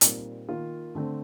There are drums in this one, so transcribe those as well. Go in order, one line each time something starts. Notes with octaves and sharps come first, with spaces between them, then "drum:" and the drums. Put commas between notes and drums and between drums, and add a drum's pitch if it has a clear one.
A#2 G3 C4 D#4 A#4, drum: hi-hat
D#3 A#3 F4
D3 A3 C4